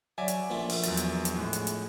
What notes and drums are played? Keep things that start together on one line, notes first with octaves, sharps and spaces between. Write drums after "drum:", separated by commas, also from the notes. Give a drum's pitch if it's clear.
F#3 D5 E5 G#5
drum: hi-hat
A#1 A#2 A3
drum: open hi-hat
E2 F#3 A6, drum: hi-hat
drum: hi-hat
drum: hi-hat
A2 G#3
drum: hi-hat
drum: hi-hat